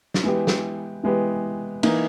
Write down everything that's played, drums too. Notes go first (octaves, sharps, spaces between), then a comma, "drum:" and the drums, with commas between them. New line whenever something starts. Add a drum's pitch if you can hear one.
drum: snare
E3 G#3 B3 G4
drum: snare
E3 G#3 B3 G4
E3 A#3 D#4, drum: cymbal